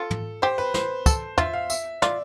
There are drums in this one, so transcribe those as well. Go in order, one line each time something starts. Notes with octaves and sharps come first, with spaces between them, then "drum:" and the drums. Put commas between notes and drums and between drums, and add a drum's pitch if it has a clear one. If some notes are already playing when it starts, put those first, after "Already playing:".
Already playing: F4 A4
drum: tom
G4 C5
B4
C5, drum: snare
A4, drum: kick, tambourine
F4 E5, drum: tom
F5
E5, drum: tambourine
F4 D5, drum: snare